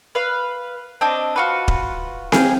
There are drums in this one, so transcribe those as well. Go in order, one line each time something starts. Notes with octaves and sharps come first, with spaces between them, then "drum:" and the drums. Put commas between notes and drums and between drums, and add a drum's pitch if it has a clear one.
B4 F5
C4 D4 D#5
F4 F#4 B4
drum: kick D#1
G#4 F5 G5, drum: snare C4